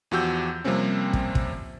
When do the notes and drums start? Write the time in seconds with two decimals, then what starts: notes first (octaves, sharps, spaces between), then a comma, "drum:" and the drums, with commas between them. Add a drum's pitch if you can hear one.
0.11 E2 F3 F#4 G4 E6 G6
0.64 C3 F3 G3 A#3 C4 C#4
1.13 drum: kick
1.35 drum: kick